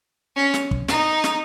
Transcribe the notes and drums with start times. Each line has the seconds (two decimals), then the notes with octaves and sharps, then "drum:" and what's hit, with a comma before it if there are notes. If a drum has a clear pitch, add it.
0.36 C#4
0.54 drum: snare
0.71 drum: kick
0.88 D#4, drum: snare
1.24 drum: snare